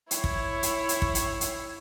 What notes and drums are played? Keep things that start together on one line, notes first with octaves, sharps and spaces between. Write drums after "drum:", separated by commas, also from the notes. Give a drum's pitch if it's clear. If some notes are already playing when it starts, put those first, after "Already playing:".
E4 C#5, drum: hi-hat
drum: kick
drum: hi-hat
drum: hi-hat
drum: kick
drum: hi-hat
drum: hi-hat